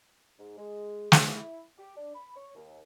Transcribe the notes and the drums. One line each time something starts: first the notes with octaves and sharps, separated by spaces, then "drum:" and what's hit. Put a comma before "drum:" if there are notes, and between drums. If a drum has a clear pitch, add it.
G#2
G#3
E2, drum: snare
E4
G4
D4
B5
C#5
D#2